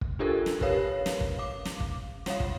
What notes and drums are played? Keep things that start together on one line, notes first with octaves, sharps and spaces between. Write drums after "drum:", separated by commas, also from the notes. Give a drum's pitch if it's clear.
drum: kick
D4 F4 G4 A4 A#4
drum: snare
G4 A#4 B4 C#5 F5, drum: kick
drum: snare
drum: kick
F5 D6
drum: snare
drum: kick
G3 C#5 F5, drum: snare
drum: kick